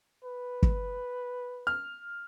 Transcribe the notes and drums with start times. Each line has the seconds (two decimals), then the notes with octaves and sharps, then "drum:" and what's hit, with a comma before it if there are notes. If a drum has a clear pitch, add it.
0.24 B4
0.63 drum: kick
1.67 F6